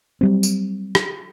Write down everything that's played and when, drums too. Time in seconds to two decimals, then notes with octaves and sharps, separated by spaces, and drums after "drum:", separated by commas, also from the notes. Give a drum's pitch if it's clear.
0.21 F#3 G3 C4
0.43 drum: tambourine
0.95 drum: rim click